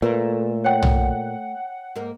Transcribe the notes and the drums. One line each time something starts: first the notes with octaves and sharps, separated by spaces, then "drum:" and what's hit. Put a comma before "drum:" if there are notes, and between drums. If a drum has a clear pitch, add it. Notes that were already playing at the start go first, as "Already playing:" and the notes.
A#2 A3 A#4 B4
C#5 F#5 G5
drum: tom
G#2 A#3 A#4